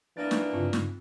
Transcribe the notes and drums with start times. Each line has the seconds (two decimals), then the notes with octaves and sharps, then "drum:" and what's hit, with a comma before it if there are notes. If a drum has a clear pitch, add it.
0.17 E3 A#3 B3 D4 A6
0.31 drum: snare
0.53 G2 C#3 C4 F4
0.73 drum: snare